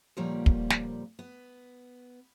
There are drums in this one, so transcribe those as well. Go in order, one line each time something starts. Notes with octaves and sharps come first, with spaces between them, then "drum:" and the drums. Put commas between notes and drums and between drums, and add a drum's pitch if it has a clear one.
D2 A#2 F3 G3 A#3 C#5
drum: kick
drum: snare
B3